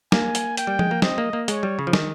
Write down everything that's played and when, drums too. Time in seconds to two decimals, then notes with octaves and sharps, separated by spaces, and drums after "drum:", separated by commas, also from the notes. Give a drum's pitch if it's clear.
0.12 A#3 G#5, drum: snare
0.35 drum: hi-hat
0.57 G5, drum: hi-hat
0.67 G3
0.79 G#3, drum: tom F3
0.91 A#3
1.02 C4 D#5, drum: snare
1.18 A#3
1.33 A#3
1.48 G#3 C#5, drum: hi-hat
1.63 G3
1.79 C#3
1.87 F3
1.93 D#3, drum: snare